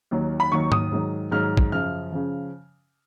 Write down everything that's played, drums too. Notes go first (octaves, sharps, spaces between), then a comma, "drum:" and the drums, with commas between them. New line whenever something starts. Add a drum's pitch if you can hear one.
D#2 D#3 F#3
B5
D#2 D#3 F#3 C#6
D#6, drum: tom G#2
G#2 D#3 F#3
G#2 D#3 F#3 F6
drum: kick
F#2 C#3 F3 F6
C#3 F3